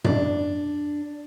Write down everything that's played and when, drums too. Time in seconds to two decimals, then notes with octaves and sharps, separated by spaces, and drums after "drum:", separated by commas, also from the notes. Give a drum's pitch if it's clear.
0.04 D4, drum: tom F#2